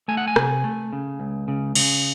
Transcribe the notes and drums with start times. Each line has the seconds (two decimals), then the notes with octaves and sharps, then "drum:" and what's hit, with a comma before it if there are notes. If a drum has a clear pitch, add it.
0.08 A3 G#5
0.17 F#5
0.27 G#5
0.36 C3, drum: rim click
0.64 A3
0.93 C#3
1.20 C#2
1.48 C#3
1.75 C#3, drum: cymbal